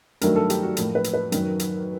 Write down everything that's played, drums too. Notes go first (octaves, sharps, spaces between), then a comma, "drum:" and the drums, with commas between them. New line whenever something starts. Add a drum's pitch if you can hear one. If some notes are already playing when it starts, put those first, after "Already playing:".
G2 D#3 F#3 A3 A#4, drum: hi-hat
A4
G4, drum: hi-hat
F#4
A2 F3 A#3, drum: hi-hat
B4
drum: hi-hat
B4
F#2 D#3 F#3, drum: hi-hat
drum: hi-hat